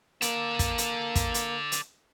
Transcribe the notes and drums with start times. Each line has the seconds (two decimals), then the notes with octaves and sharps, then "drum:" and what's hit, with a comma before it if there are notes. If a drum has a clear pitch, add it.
0.22 A#3 A4 D5, drum: hi-hat
0.59 drum: kick, hi-hat
0.78 drum: hi-hat
1.15 drum: kick, hi-hat
1.34 drum: hi-hat
1.72 drum: hi-hat